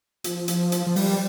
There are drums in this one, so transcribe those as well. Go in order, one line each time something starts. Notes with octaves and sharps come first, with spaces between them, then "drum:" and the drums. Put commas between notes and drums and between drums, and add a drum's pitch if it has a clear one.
F3, drum: hi-hat
drum: hi-hat
drum: hi-hat
F3
G3, drum: open hi-hat